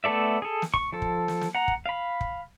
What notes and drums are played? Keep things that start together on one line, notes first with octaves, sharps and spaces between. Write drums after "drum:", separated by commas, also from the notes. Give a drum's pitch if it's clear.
A3 B3 A4 D5 E5
G#4 A4
drum: snare
C#6, drum: kick
F3 A4
drum: kick
drum: snare
drum: snare
F#5 A#5
drum: kick
F5 B5
drum: kick